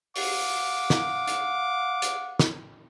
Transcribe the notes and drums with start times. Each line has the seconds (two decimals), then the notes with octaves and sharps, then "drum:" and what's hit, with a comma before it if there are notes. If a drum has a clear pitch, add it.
0.16 F5 F#5 D6, drum: open hi-hat
0.90 drum: snare
1.28 drum: hi-hat
2.02 drum: hi-hat
2.39 drum: snare